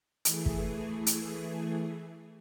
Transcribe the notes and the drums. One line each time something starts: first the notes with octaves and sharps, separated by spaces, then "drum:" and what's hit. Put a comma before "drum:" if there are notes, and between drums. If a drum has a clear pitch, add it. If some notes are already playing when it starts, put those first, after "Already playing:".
E3 A3 G#4, drum: hi-hat
drum: kick
drum: hi-hat